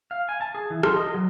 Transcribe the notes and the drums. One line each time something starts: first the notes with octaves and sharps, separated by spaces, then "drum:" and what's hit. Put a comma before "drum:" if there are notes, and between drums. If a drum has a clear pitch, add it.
F5
G#5
A5
G#4
E3
C6, drum: rim click
D#5
F#3